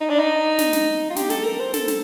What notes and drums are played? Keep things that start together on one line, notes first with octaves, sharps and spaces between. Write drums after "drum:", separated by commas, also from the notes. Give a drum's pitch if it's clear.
D#4
D4
D#4
drum: snare
drum: snare
F4
G4, drum: snare
A4, drum: snare
A#4
C5
A4, drum: snare
drum: snare